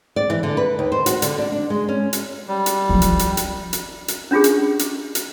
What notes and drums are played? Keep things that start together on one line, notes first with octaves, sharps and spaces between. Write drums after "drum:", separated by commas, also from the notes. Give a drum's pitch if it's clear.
D5
E3
D3
B4
D#2
C5
F#4, drum: hi-hat
D3, drum: hi-hat
D4
D4
G#3
C#4
drum: hi-hat
G3
drum: hi-hat
F2 F3
drum: hi-hat
drum: hi-hat
drum: hi-hat
drum: hi-hat
drum: hi-hat
C#4 D4 F4 G4 G#4
drum: hi-hat
drum: hi-hat
drum: hi-hat